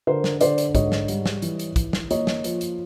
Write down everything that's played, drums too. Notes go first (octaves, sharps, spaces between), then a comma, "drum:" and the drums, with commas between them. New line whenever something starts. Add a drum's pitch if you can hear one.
D3 A#4 C5
drum: snare
D3 C5 D5, drum: hi-hat
drum: hi-hat
G#2 C#5 D#5, drum: kick, hi-hat
drum: snare
G3, drum: hi-hat
drum: snare
E3, drum: hi-hat
drum: hi-hat
E3, drum: kick, hi-hat
drum: snare
A#3 C#5 D#5, drum: hi-hat
drum: snare
F3, drum: hi-hat
drum: hi-hat